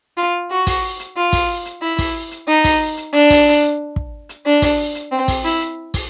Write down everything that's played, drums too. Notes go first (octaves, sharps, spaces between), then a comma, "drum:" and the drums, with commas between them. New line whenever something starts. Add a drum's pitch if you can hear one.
F4
F#4
drum: kick, open hi-hat
drum: hi-hat
F4
drum: kick, open hi-hat
drum: hi-hat
E4
drum: kick, open hi-hat
drum: hi-hat
D#4
drum: kick, open hi-hat
drum: hi-hat
D4
drum: kick, open hi-hat
drum: hi-hat
drum: kick
drum: hi-hat
D4
drum: kick, open hi-hat
drum: hi-hat
C4
drum: kick, open hi-hat
E4
drum: hi-hat
drum: kick, open hi-hat